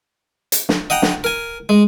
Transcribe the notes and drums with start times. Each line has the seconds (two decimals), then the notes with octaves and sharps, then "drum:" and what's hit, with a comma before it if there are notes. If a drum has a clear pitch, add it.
0.52 drum: hi-hat
0.69 drum: snare
0.90 D#5 F#5 G5 A#5
1.02 drum: snare
1.24 A#4 G#5
1.69 G#3